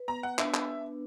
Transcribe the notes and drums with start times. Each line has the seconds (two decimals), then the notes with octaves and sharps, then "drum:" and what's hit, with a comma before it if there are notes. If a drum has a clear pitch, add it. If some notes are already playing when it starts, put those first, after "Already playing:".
Already playing: B4
0.08 B3 A#5
0.23 B3 F#5
0.39 D4 E5, drum: clap
0.54 drum: clap